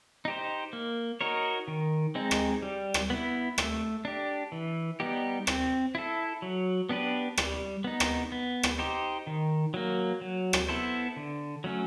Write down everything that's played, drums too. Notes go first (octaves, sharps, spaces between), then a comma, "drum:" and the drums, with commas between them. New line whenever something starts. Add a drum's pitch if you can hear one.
D#4 G4 C5
A#3
D#4 F#4 A#4 C#5
D#3
G#3 C4 D#4
drum: rim click
G3
drum: rim click
B3 E4
A3, drum: rim click
D4 G4
E3
G3 B3 D#4 G4
C4, drum: rim click
E4 A4
F#3
B3 D4 G4 B4
G3, drum: rim click
B3 D#4
drum: rim click
B3
drum: rim click
D#4 G4 C5
D#3
F#3 A#3
F#3
drum: rim click
B3 E4 A4 C5
D3
F#3 A3 C#4